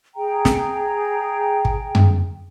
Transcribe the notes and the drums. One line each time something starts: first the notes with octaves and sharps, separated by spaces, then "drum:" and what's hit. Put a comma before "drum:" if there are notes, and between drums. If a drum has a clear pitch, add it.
G#4 G5 A#5
drum: snare
drum: kick
drum: tom F#2